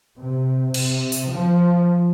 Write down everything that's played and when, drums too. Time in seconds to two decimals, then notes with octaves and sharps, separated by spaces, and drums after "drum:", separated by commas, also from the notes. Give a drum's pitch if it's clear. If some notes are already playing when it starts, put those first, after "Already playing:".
0.19 C3
0.74 C3, drum: cymbal
1.12 drum: open hi-hat
1.31 F3